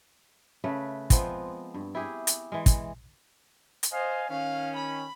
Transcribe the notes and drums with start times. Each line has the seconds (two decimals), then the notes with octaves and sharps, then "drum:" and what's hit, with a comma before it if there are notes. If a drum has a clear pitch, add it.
0.64 C#3 A3 B4
1.10 F3 G#3 B3 C4, drum: kick, hi-hat
1.74 G2
1.95 E4 G4 G#4
2.27 drum: hi-hat
2.52 E3 G#3
2.66 drum: kick, hi-hat
3.83 drum: hi-hat
3.92 C5 D#5 F5 G#5
4.29 D#3 C#4 F5
4.76 B5